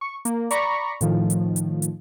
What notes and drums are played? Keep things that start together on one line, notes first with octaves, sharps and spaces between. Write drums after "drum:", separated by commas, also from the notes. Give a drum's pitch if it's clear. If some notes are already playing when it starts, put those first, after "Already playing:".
C#6
A#3, drum: hi-hat
D5 A#5 B5 C#6, drum: hi-hat
A2 D#3 F3, drum: hi-hat
drum: hi-hat
drum: hi-hat
drum: hi-hat